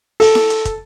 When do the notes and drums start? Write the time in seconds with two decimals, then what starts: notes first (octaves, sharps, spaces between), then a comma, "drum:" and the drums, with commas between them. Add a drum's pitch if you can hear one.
0.20 A4, drum: open hi-hat
0.35 drum: snare E4
0.50 drum: hi-hat
0.65 drum: kick, hi-hat